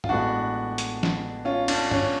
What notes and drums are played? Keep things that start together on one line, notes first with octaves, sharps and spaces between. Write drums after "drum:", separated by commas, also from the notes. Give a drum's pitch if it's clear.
F4, drum: tom G2
A1 A2 G#3 B3 D4 F#4
drum: hi-hat
drum: snare
C#4 F4
D4, drum: cymbal
C#4, drum: tom G2